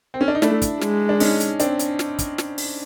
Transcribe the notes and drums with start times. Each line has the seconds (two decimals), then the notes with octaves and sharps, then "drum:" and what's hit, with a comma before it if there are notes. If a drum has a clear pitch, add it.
0.14 C4
0.21 C#4
0.28 D4
0.35 D#4
0.42 A3 D4 E4, drum: snare
0.62 drum: kick, hi-hat
0.81 G#3, drum: snare
1.09 D4
1.20 C#4 D#4, drum: open hi-hat
1.40 drum: hi-hat
1.60 C4 D4, drum: hi-hat
1.79 drum: hi-hat
1.99 drum: snare
2.19 drum: kick, hi-hat
2.38 drum: snare
2.58 drum: open hi-hat